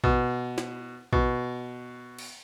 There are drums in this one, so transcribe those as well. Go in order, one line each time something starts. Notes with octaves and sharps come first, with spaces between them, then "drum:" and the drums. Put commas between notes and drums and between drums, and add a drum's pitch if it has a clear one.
B2, drum: kick
drum: snare
B2, drum: kick
drum: cymbal